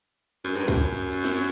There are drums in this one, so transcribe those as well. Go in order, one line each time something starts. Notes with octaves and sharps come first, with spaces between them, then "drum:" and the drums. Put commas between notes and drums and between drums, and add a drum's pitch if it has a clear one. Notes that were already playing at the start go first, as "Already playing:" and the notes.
F#2
G2
F#2, drum: kick, hi-hat
drum: snare